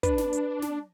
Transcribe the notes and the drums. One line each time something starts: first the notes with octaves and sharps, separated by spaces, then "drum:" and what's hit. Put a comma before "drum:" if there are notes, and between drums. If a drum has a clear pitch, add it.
D4 B4, drum: kick, hi-hat
drum: snare
drum: hi-hat
drum: snare